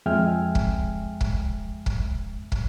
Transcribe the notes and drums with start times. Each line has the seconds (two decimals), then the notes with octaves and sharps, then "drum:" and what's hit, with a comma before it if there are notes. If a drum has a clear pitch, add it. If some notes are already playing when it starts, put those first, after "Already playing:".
0.06 F2 G#3 E5 G5 G#5 F6
0.55 drum: kick
1.21 drum: kick
1.86 drum: kick
2.52 drum: kick